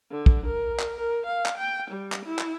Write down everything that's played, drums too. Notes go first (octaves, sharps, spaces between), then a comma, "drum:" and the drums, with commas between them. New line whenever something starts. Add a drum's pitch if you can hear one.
D3
drum: kick
A#4
drum: clap
A#4
F5
drum: clap
G5
G3
drum: clap
E4
drum: clap